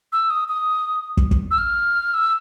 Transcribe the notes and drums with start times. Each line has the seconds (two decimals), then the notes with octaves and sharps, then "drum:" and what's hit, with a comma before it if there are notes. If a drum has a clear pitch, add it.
0.12 E6
0.30 D#6
0.48 D#6
1.17 drum: kick
1.31 drum: kick
1.51 E6
1.58 F6
2.14 E6